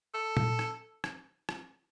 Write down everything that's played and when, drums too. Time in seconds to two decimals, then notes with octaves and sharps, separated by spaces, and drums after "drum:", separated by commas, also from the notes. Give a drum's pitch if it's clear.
0.14 A4
0.37 drum: tom A#2
0.59 drum: rim click
1.04 drum: rim click
1.49 drum: rim click